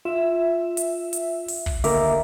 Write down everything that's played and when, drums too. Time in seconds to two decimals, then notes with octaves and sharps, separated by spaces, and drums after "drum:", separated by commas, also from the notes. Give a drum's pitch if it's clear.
0.05 F4 E5
0.77 drum: hi-hat
1.13 drum: hi-hat
1.48 drum: open hi-hat
1.66 drum: kick
1.84 D#2 D3 A#4 E5 D6, drum: open hi-hat